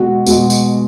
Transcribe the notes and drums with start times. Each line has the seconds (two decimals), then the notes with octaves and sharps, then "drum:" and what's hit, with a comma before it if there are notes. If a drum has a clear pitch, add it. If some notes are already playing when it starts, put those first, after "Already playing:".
Already playing: B2 G#3 F#4
0.26 B2 G#3, drum: tambourine
0.50 drum: tambourine